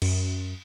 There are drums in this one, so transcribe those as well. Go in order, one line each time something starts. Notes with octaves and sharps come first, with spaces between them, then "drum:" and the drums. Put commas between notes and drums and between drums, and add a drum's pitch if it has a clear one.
F#2, drum: cymbal